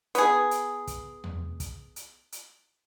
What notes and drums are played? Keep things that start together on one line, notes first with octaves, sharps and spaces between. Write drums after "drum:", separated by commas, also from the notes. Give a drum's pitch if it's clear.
B3 G#4, drum: hi-hat
drum: hi-hat
drum: kick, hi-hat
drum: tom E2
drum: kick, hi-hat
drum: hi-hat
drum: hi-hat